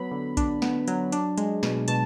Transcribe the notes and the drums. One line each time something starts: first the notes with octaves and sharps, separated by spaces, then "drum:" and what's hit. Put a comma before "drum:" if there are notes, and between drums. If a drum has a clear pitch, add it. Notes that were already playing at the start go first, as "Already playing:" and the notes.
Already playing: F#3 B3 B5
D3
D4, drum: kick A#1, hi-hat
B3, drum: snare
F#3, drum: hi-hat
D4, drum: hi-hat
G#3, drum: hi-hat
B2, drum: snare
B2 A5, drum: hi-hat